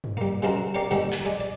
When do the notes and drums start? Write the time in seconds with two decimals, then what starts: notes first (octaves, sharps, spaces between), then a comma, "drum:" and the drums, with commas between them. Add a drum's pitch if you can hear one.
0.04 drum: tom
0.17 G3 A#3
0.42 C#3 G3 G#3 C4 F#4 A#4
0.74 G4 A#4 C#5 D5 F5
0.91 D#2 G#2 D3 D#3 G3 G#3, drum: tambourine
1.12 drum: clap
1.25 G#3 D5
1.40 D5